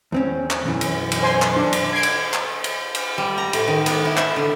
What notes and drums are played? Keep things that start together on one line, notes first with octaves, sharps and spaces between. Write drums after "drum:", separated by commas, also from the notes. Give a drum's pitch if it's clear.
E2 C4 C#4
drum: clap
B1 F#2 E3
drum: cymbal
drum: cymbal
C5 G#5 C6
drum: clap
D4
drum: cymbal
G#6 C7 D7
drum: cymbal
drum: clap
drum: cymbal
drum: cymbal
G3
A#5
A2, drum: cymbal
D#3
B3, drum: cymbal
E4
E5, drum: clap
D3